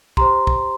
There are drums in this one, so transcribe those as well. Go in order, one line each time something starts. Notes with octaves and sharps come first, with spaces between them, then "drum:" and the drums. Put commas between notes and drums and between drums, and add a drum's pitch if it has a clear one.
G4 C5 A#5 C6, drum: kick
drum: kick